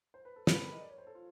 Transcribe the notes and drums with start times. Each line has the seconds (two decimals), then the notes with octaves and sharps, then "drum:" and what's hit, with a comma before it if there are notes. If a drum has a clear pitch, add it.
0.14 C5
0.25 B4
0.36 A4
0.47 G4 B4, drum: snare
0.56 A4
0.65 A#4
0.72 D#5
0.81 D5
0.90 C#5
0.98 C5
1.07 A4
1.15 F4